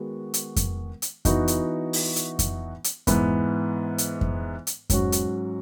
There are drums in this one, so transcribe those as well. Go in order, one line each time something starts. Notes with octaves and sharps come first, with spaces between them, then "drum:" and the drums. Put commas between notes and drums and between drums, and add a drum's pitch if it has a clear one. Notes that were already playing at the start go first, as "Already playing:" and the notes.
Already playing: D#3 G#3 B3 F#4
drum: hi-hat
drum: kick F2, hi-hat
drum: hi-hat
E3 B3 D#4 F#4, drum: kick F2, hi-hat
drum: hi-hat
drum: open hi-hat
drum: hi-hat
drum: kick F2, hi-hat
drum: hi-hat
G#2 E3 B3, drum: kick F2, hi-hat
drum: hi-hat
drum: kick F2
drum: hi-hat
G#2 F#3 C#4 F#4, drum: kick F2, hi-hat
drum: hi-hat